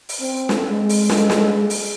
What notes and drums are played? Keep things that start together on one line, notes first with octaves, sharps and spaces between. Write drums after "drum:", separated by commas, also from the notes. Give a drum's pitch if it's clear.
drum: open hi-hat
C4
drum: snare
G#3
drum: open hi-hat
drum: snare
drum: snare
drum: open hi-hat